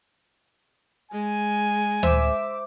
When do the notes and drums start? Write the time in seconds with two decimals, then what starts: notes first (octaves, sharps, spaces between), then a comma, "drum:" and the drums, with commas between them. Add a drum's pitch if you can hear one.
1.11 G#3 G#5
2.03 C5 E5 D6, drum: tom D2